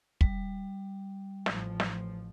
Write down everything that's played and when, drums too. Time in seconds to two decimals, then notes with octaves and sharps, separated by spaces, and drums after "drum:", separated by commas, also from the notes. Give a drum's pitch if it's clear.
0.21 G3, drum: kick
1.46 A1 A2 F3, drum: snare
1.80 drum: snare